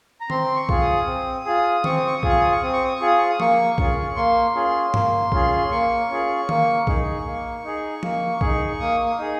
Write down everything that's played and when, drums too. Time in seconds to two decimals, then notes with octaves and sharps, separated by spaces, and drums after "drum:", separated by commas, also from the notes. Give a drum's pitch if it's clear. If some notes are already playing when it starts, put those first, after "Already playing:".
0.21 A#5
0.30 C4 C6, drum: tom D#3
0.56 C#6
0.69 F4 G#4, drum: kick B1
0.81 D#6
1.07 C4
1.45 F4 G#4
1.84 C4 C#6, drum: tom D#3
1.96 D#6
2.07 C#6
2.18 D#6
2.23 F4 G#4, drum: kick B1
2.29 C#6
2.40 D#6
2.51 C#6
2.62 C4 D#6
2.73 C#6
2.84 D#6
2.95 C#6
3.01 F4 G#4
3.07 D#6
3.18 C#6
3.29 D#6
3.40 A#3 C#6, drum: tom F3
3.78 C#4 F4 G#4, drum: kick B1
4.16 A#3 C6
4.55 C#4 F4 G#4
4.94 A#3, drum: tom G2
5.32 C#4 F4 G#4, drum: kick B1
5.71 A#3 C#6
6.10 C#4 F4 G#4
6.49 A#3, drum: tom D#3
6.87 D#4 G#4, drum: kick B1
7.25 A#3
7.64 D#4 G#4
8.03 A#3, drum: tom F3
8.41 D#4 G#4, drum: kick B1
8.80 A#3 D#6
9.06 D#6
9.18 D#4 G#4